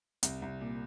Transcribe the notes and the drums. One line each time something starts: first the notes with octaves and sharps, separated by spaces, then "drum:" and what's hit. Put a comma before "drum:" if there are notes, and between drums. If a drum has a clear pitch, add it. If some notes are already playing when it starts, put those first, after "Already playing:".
C2, drum: hi-hat
C2
A#2